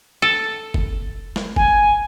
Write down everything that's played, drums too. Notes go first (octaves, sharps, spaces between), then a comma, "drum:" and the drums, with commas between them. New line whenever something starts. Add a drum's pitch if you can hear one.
A4
drum: kick F#1
drum: snare
G#5, drum: kick F#1